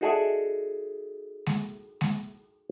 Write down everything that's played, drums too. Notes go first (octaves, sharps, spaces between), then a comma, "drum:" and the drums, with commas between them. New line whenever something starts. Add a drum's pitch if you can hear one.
D#4 F#4 G#4 A4 D5 E5
drum: snare G#3
drum: snare G#3